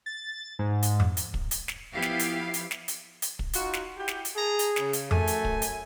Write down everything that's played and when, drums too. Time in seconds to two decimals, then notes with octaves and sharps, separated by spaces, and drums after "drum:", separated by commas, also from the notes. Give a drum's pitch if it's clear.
0.06 A6
0.59 G#2
0.83 drum: hi-hat
1.00 drum: tom F2
1.17 drum: hi-hat
1.34 drum: kick
1.51 drum: hi-hat
1.68 drum: snare
1.93 F3 B3 E4 G4 E5 F5
2.02 drum: snare
2.19 drum: hi-hat
2.54 drum: hi-hat
2.71 drum: snare
2.88 drum: hi-hat
3.22 drum: hi-hat
3.39 drum: kick
3.53 D#4 F4 F#4, drum: hi-hat
3.73 drum: snare
3.95 E4 F#4 G4
4.08 drum: snare
4.25 drum: hi-hat
4.36 G#4 A5 A#5
4.59 drum: hi-hat
4.76 C#3, drum: snare
4.93 drum: hi-hat
5.11 F#2 A3 G#5, drum: tom F2
5.27 drum: hi-hat
5.45 drum: kick
5.62 drum: hi-hat